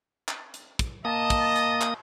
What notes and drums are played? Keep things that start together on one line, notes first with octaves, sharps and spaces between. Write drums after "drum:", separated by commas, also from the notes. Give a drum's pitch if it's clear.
drum: clap
drum: hi-hat
drum: kick, hi-hat
A#3 D#5 A5 D#6
drum: kick, hi-hat
drum: hi-hat
drum: clap